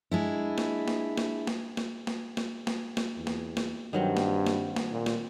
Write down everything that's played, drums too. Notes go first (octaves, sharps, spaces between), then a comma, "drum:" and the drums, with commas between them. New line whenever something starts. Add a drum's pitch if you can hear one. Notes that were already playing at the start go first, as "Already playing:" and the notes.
G#3 D4 E4
drum: snare
drum: snare
drum: snare
drum: snare
drum: snare
drum: snare
drum: snare
drum: snare
drum: snare
E2
drum: snare
drum: snare
G2 D#3 F#3 C4
drum: snare
drum: snare
drum: snare
A#2
drum: snare